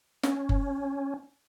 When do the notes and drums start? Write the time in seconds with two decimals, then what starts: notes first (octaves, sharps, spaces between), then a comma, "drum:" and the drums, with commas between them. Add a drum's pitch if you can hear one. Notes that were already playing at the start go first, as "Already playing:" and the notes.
0.23 C#4, drum: snare
0.49 drum: kick F#1